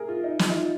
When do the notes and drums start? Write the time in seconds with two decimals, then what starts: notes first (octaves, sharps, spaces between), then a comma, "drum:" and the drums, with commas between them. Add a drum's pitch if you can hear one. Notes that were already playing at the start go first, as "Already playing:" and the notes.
Already playing: G#4 A#4
0.08 F4
0.24 D#4
0.39 F4, drum: snare
0.50 D#4
0.56 F4